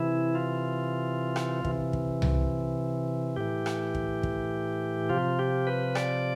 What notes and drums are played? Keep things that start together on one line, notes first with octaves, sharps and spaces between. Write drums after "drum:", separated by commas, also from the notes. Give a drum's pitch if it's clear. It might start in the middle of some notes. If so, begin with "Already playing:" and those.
Already playing: C3 E3 E4
F4
drum: rim click
C3 E3, drum: kick
drum: kick
drum: tom C2
A2 E3 G4
drum: rim click
drum: kick
drum: kick
C3 F3 F4
G4
B4
D5, drum: rim click